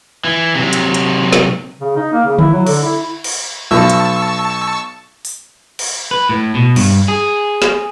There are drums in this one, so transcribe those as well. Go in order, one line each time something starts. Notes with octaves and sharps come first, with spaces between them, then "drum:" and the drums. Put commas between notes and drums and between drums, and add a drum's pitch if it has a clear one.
E3
C3 F#3
drum: hi-hat
drum: hi-hat
drum: snare
C#3
D#4
A#3
C#3
E4, drum: tom D3
F#3
D3, drum: cymbal
E4
drum: cymbal
B1 A5 C#6 E6
drum: hi-hat
drum: open hi-hat
drum: cymbal
B4
A2
B2
G2, drum: cymbal
G#4
drum: snare